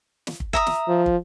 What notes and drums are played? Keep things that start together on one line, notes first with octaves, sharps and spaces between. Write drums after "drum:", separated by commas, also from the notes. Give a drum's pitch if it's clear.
drum: snare
drum: kick
E5 A#5 D#6, drum: kick
drum: snare
F3
drum: kick